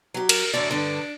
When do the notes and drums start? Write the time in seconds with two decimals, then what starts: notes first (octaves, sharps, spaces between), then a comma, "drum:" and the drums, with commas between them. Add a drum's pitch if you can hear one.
0.14 F#3 G4
0.29 A#4, drum: cymbal
0.53 F#2 A2 D3 D5
0.71 G2 D3 D4